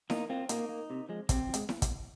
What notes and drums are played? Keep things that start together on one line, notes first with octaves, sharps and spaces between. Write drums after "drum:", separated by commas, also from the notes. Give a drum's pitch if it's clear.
A#2 A#3 D#4, drum: snare E4
A#3 C4 F4
A#2 A#3 D#4, drum: hi-hat
A#3
C3
F3 G#3
C3 C4, drum: kick, hi-hat
F3
G#3, drum: hi-hat
drum: snare E4
drum: kick, hi-hat